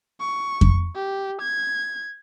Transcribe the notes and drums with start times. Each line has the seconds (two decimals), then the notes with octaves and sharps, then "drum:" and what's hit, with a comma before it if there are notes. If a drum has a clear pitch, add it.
0.20 C#6
0.61 drum: kick F2
0.95 G4
1.42 G#6